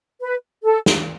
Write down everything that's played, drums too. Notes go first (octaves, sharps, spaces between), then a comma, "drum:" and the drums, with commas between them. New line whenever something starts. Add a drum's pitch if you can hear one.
B4
A4
drum: snare